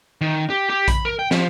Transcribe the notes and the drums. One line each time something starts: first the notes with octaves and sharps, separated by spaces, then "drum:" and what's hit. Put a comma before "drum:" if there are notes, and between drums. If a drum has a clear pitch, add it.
D#3
G4
G4
B5, drum: kick A#1, hi-hat
A#4
G5
F3, drum: snare